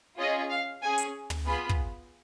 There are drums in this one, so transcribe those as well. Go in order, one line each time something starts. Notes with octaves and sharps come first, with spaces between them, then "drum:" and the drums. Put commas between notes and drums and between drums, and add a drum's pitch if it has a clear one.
C#4 F4 G#4 D#5
F5
C#4 G#4 G#5
drum: hi-hat
drum: tom
B3 F4 G#4 B5
drum: kick